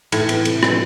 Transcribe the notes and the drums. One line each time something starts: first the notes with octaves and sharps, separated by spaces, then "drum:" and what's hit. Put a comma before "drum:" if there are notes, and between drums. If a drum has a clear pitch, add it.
A2 E3, drum: cymbal
B3 E4 B4, drum: cymbal
C3, drum: cymbal
F3 B3 D4 A4, drum: rim click